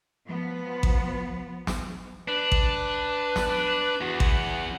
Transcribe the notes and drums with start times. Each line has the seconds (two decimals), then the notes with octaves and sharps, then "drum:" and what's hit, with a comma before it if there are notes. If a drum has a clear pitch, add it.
0.25 F3 B3
0.83 drum: kick A1
1.67 drum: snare
2.28 D4 B4
2.52 drum: kick A1
3.36 drum: snare
4.01 E2 F#4
4.20 F#5, drum: kick A1